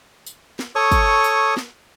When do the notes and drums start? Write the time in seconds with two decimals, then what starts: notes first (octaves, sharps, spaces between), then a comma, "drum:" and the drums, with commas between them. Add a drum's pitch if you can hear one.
0.26 drum: tambourine
0.59 drum: snare
0.75 A4 C#5 C#6 D#6
0.92 drum: kick, tambourine
1.24 drum: tambourine
1.57 drum: snare